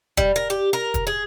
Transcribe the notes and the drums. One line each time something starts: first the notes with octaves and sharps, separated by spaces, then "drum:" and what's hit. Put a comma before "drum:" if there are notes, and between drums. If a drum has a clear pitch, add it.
G3, drum: kick
A#4
G4
A#4
drum: kick, hi-hat
G#4